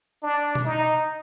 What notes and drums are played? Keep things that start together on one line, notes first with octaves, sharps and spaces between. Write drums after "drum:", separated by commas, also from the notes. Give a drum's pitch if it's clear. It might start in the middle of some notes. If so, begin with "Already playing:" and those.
D4
drum: tom B2
D#4